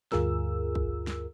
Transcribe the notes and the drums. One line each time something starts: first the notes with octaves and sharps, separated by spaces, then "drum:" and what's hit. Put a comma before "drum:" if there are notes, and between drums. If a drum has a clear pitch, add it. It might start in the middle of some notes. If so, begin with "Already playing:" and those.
D2 G2 F4 G#4 A#4 E6, drum: snare
drum: kick
drum: snare